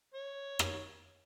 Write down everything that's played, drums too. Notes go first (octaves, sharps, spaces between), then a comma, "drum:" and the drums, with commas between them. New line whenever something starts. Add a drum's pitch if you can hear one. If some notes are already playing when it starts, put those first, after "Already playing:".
C#5
drum: rim click